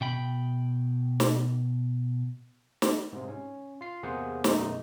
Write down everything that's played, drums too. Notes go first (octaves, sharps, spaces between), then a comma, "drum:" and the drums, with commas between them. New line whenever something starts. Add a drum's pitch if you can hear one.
B2 G5 B5
drum: snare
drum: snare
G#2 C3
C#4
F4 C7
E2 C3 A#3 G#4 C5 F#5
F#2 B2 E3 G#3 A3 D#4, drum: snare